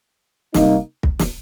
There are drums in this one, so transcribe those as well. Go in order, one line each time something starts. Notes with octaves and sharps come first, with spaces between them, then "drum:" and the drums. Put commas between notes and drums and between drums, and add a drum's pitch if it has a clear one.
C3 G3 A#3 D#4, drum: snare
drum: kick
drum: snare